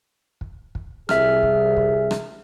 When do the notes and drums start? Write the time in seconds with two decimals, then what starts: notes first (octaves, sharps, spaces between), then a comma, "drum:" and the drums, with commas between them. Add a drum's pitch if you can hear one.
0.41 drum: kick
0.75 drum: kick
1.09 C2 G#4 E5 F6, drum: rim click
1.43 drum: kick
1.77 drum: kick
2.11 drum: rim click